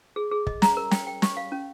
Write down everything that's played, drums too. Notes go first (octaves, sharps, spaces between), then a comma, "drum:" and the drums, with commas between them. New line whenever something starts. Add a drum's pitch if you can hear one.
G#4
G#4
D#5, drum: kick
A#5, drum: snare
A#4
G5, drum: snare
G5
G4, drum: snare
F5
C#4